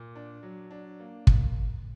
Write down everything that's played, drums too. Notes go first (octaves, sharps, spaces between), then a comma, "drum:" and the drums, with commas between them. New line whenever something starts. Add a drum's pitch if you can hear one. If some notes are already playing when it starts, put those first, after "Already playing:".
Already playing: A#2
D4
F#3
D4
A#3
drum: kick